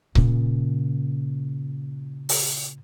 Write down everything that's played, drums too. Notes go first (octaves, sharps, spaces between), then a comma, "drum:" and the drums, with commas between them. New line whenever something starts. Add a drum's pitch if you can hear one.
A#2 C#3, drum: kick C#1
drum: open hi-hat